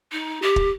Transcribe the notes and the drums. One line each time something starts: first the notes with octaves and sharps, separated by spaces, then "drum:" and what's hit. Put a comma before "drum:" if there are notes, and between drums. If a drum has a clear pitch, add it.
D#4
G4
drum: kick